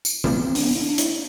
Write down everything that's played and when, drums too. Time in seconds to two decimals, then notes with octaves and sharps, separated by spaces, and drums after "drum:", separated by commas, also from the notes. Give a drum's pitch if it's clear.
0.05 drum: tambourine
0.24 A3, drum: tom
0.33 B3
0.45 C4
0.55 D4, drum: open hi-hat
0.65 B3
0.75 E4
0.81 D4
0.93 D4
0.98 E4, drum: hi-hat